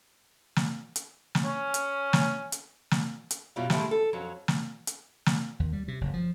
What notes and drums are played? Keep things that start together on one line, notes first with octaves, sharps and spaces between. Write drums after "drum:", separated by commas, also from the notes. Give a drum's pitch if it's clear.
drum: snare
drum: hi-hat
drum: snare
C#4
drum: hi-hat
drum: snare
drum: hi-hat
drum: snare
drum: hi-hat
F#2 B2 F#3 G3 E4 F4
G#3 A3 D4 E4 G4 G#4, drum: snare
A4
F2 F#3 C#4
drum: snare
drum: hi-hat
drum: snare
D#2
G3
C3
F#1
F3